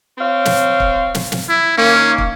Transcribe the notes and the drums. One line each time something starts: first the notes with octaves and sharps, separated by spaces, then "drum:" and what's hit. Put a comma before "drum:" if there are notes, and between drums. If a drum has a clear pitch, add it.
C4 C#5 F5
drum: snare
drum: kick
drum: snare
drum: snare
E4
D#3 A#3 C#4
drum: kick